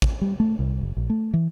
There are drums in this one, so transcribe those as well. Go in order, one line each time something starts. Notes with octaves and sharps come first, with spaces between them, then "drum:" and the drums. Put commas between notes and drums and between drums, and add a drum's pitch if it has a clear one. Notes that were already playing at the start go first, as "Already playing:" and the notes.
drum: kick
G3
A3
C2
F#1
A#1
A3
E3